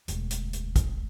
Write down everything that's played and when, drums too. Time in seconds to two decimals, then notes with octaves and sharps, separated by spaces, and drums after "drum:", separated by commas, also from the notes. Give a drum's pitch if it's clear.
0.08 E1 D2, drum: hi-hat
0.31 drum: hi-hat
0.53 drum: hi-hat
0.76 drum: kick, hi-hat